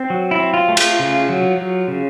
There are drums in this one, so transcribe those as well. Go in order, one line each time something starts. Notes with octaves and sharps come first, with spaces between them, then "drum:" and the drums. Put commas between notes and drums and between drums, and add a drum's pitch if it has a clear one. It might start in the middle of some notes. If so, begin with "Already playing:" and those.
Already playing: C4
F#3
E4
C4
F4
A3
F4, drum: cymbal
C#3
F#3
F#3
C#3